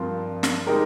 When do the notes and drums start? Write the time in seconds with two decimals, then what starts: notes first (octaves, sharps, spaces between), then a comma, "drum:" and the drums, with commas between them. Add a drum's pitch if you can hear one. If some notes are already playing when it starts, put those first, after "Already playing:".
Already playing: G2 F3 C4 F4 A#4
0.43 drum: snare
0.67 G#3 D#4 G4 A#4